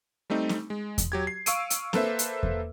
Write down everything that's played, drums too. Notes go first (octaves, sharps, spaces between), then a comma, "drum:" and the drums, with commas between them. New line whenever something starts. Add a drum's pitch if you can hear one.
G3 A3 C4 D#4
drum: snare C4
G#3
drum: kick E2, hi-hat
F#3 G4 G#6
C7
F5 C#6 E6 C7 D7 D#7, drum: hi-hat
drum: hi-hat
A#3 A4 B4 C5 E5, drum: snare C4
drum: hi-hat
drum: kick E2